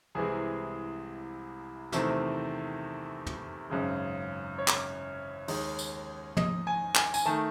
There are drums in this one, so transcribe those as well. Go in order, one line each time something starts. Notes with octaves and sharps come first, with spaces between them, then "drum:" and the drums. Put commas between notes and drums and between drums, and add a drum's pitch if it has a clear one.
C2 C3 E3 G#3 G#4
E2 C3 D#3 A3 C4, drum: snare
drum: tom
G#1 F#2 C#3 G#3
C#5
drum: clap
D#2 D#3 G#3 D#4, drum: open hi-hat
drum: tambourine
D#5, drum: tom
G#5
G#5, drum: clap
G#5, drum: tambourine
D#3 A3 A5